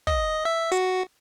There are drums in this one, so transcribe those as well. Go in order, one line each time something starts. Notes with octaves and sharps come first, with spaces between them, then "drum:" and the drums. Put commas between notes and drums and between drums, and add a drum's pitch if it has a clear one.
D#5, drum: kick
E5
F#4, drum: hi-hat